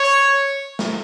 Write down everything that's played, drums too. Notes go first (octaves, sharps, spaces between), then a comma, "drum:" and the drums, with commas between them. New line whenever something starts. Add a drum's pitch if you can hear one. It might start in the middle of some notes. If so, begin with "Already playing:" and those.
Already playing: C#5
drum: snare